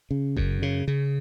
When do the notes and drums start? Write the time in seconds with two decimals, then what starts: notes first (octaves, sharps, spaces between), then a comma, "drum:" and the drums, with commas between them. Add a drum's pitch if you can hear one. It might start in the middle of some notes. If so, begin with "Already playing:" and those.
0.11 C#3
0.36 F#2, drum: kick F#1
0.62 C#3
0.88 C#3